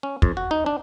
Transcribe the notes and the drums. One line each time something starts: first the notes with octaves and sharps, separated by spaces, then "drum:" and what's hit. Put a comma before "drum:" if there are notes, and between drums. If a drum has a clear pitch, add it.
C#4
F2, drum: kick
F#4
D#4
D4